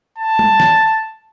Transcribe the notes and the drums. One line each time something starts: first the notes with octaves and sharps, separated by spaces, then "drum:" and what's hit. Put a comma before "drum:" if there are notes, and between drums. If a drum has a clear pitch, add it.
A5
drum: tom
drum: snare